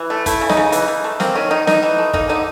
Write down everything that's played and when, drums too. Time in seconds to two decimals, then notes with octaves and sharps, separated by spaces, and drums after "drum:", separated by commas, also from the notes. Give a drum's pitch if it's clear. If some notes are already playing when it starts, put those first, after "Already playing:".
Already playing: E3
0.10 A3
0.26 A3 E4, drum: kick, hi-hat
0.41 C#3
0.49 D#4, drum: snare
0.57 C#3
0.72 E3, drum: hi-hat
0.88 E3
1.04 A3
1.20 A#3 C4, drum: snare
1.35 D#3 C#4
1.51 D#3 D#4
1.67 E3 D#4, drum: snare
1.83 E3
1.98 A3
2.13 A#3 D#4, drum: kick
2.29 D3 D#4